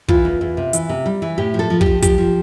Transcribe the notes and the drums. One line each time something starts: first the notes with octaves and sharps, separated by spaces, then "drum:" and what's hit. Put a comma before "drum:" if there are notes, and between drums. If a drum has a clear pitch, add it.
E3 F4, drum: kick
E2
E2
C3
E3, drum: hi-hat
C3
G3
E3
A2 G4
F3
A4
F3
G4, drum: kick
F3
F3 G4, drum: kick, hi-hat
F3